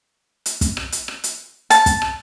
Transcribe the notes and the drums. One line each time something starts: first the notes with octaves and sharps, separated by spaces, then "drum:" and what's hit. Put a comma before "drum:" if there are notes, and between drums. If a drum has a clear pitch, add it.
drum: hi-hat
drum: kick, hi-hat
drum: rim click
drum: hi-hat
drum: rim click
drum: hi-hat
A5, drum: hi-hat
drum: kick, hi-hat
drum: rim click